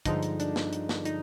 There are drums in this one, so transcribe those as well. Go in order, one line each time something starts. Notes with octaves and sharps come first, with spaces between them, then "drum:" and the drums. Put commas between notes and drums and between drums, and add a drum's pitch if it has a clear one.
G2 D3 F3 G#3 D#4, drum: kick, hi-hat
drum: hi-hat
D4, drum: hi-hat
drum: snare
drum: hi-hat
drum: snare
D#4, drum: hi-hat